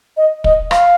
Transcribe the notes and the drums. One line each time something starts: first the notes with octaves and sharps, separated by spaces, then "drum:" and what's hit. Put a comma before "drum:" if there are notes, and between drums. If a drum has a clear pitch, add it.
D#5
D#5, drum: kick
F5, drum: rim click